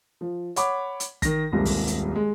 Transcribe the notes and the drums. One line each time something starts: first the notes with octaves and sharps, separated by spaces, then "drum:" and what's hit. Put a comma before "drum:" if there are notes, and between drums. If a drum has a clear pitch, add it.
F3
C#5 F#5 B5 D6, drum: hi-hat
drum: hi-hat
D#3 A#6, drum: kick, hi-hat
D#1 C2 G#2
drum: kick, open hi-hat
drum: hi-hat
G#3